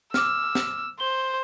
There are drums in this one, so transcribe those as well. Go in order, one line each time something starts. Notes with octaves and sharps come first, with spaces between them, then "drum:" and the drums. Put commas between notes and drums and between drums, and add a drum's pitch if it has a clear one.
D6 E6 F6, drum: snare
drum: snare
C5 G7